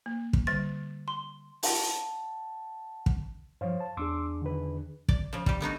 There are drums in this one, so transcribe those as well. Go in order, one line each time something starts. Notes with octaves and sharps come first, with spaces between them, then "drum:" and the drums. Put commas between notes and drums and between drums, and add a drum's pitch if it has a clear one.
A#3
drum: kick
D3 G3 A6
C6
F#5 A5, drum: open hi-hat
drum: kick
G2 F3 C5 C#5 F5
A5
E2 D4 G#4 C6 D6 E6
D3 D#3 B4
D5, drum: kick
C#3 F3
G3 G4, drum: kick
D3 B3 D#4 F#4